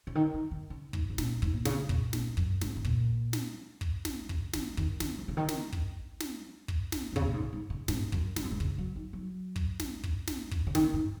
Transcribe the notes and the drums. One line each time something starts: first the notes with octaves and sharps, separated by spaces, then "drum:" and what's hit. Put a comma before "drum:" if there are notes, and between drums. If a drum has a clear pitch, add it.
C#3
D#3
D#3
D#3
C#3
G#2, drum: kick
C#3
A#2, drum: snare
G#2, drum: kick
A#2
C#3, drum: snare
A#2, drum: kick
A#2, drum: snare
F#2, drum: kick
G#2, drum: snare
C#3
A#2, drum: kick
drum: snare
drum: kick
drum: snare
C#3, drum: kick
D#3, drum: snare
D#3, drum: kick
D#3, drum: snare
F#3
C#3
D#3
drum: snare
drum: kick
drum: snare
drum: kick
drum: snare
A#2
C#3, drum: kick
A#2
G#2
G#2
C#3
G#2, drum: snare
F#2, drum: kick
G#2, drum: snare
F#2
G#2
C#3, drum: kick
F#3
D#3
F#3
drum: kick
drum: snare
drum: kick
drum: snare
drum: kick
C#3
D#3, drum: snare
G#2